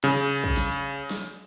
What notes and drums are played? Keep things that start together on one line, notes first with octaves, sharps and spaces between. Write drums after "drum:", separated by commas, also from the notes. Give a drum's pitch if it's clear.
C#3, drum: snare
drum: kick
drum: snare
drum: snare